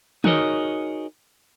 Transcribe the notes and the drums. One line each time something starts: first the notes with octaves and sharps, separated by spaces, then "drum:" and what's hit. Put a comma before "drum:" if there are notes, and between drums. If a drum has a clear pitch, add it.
D#4 F#4 G#4 A#4 C#5 D#5, drum: tom